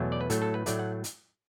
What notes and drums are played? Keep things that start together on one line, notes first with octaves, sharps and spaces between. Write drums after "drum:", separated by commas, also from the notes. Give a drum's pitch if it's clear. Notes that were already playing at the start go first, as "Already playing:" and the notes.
Already playing: E2 B2 F#3 A3
D5
B4
A2 F#3 A3 A4, drum: hi-hat
A4
B4
A2 F#3 A3 D5, drum: hi-hat
F#5
drum: hi-hat